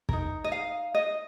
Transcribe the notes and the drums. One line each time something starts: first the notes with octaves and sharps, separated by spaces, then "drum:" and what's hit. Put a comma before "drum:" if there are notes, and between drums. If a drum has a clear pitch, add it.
D#4 A#4, drum: kick
D#5
F5
D#5